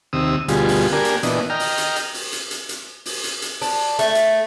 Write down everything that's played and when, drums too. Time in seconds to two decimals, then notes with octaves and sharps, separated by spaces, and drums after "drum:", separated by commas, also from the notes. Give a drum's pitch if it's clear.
0.13 D#2 C3 D#6 E6
0.48 D2 B2 G3 F4 G#4, drum: hi-hat
0.68 drum: open hi-hat
0.93 A#3 D4 G4 A#4 G#5
1.05 drum: hi-hat
1.23 A#2 E3 B3 D4 D#5, drum: hi-hat
1.50 D#5 G5 A#5 F6
1.59 drum: open hi-hat
1.78 drum: hi-hat
1.96 drum: hi-hat
2.14 drum: open hi-hat
2.32 drum: hi-hat
2.51 drum: hi-hat
2.69 drum: hi-hat
3.06 drum: open hi-hat
3.24 drum: hi-hat
3.42 drum: hi-hat
3.62 D4, drum: open hi-hat
3.99 A3, drum: hi-hat
4.15 drum: hi-hat